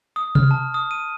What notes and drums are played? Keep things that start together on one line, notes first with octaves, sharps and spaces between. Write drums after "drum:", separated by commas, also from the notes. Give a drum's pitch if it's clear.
D#6
F6, drum: tom C3
A5
D#6
D#7